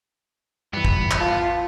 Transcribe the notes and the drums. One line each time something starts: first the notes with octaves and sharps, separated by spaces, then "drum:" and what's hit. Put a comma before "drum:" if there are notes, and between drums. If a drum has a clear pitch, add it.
G2 E3 B3
drum: kick
drum: clap
F4 A5